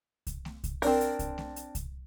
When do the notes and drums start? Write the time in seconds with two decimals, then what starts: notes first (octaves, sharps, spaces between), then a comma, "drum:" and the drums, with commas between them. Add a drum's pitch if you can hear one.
0.27 drum: kick C2, hi-hat
0.45 drum: snare A3
0.64 drum: kick C2, hi-hat
0.82 C4 D4 A#4, drum: open hi-hat
1.01 drum: hi-hat
1.19 drum: kick C2, hi-hat
1.38 drum: snare A3
1.56 drum: hi-hat
1.75 drum: kick C2, hi-hat